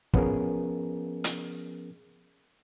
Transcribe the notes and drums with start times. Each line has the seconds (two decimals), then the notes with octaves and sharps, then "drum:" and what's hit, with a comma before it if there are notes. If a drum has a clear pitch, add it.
0.14 F3 B3 C#4 G#4 A#4, drum: kick
1.24 drum: hi-hat